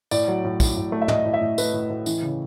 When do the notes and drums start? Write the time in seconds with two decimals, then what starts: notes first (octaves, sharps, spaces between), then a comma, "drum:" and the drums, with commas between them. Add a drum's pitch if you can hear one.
0.11 A2 D5, drum: tambourine
0.28 F#3
0.44 A2
0.60 A2, drum: kick, tambourine
0.77 A2
0.92 A3
1.02 E5
1.08 A3 D#5, drum: tom
1.25 A2
1.34 E5
1.41 A2
1.58 A3 B4, drum: tambourine
1.74 A2
1.90 A2
2.06 E3, drum: tambourine
2.22 C#3